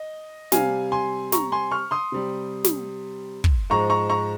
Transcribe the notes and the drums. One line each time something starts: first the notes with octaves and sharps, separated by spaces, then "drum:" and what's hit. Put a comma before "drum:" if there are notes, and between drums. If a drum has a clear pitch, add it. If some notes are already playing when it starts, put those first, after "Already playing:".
Already playing: D#5
C3 G3 F5 G#5, drum: snare
G#5 C6
A#5 C#6, drum: snare
G#5 C6
C#6 F6
C6 D#6
C3 G3
drum: snare
drum: kick
G#2 F3 G#3 A#5 C#6
A#5 C#6
A#5 C#6